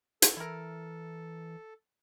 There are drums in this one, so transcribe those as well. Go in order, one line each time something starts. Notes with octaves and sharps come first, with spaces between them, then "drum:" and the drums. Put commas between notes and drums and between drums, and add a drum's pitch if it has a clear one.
A4, drum: hi-hat
E3 E4 A#4